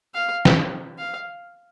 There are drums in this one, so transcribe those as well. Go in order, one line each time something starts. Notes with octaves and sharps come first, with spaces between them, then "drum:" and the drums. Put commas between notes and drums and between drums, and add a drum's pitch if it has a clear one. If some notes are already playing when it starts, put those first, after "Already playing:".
F5
drum: snare
F5